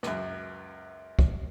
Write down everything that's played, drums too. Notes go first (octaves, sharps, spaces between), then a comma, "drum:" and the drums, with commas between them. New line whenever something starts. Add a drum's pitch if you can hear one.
C#2 F#2, drum: rim click
drum: kick